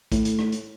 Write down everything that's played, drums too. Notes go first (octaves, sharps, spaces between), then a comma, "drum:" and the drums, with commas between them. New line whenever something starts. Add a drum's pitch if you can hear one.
A2, drum: kick, hi-hat
drum: hi-hat
drum: rim click
drum: hi-hat